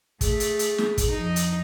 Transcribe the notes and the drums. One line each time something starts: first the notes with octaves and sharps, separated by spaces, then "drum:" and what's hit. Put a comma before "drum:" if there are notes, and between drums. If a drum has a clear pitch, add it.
A3 G#4, drum: kick, hi-hat
drum: hi-hat
drum: hi-hat
drum: snare
drum: kick, hi-hat
F2 D#4
drum: hi-hat